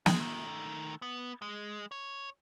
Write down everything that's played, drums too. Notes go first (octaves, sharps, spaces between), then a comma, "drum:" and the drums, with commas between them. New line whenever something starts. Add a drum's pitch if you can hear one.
G#3, drum: snare
D#3 A3
B3
G#3
C#5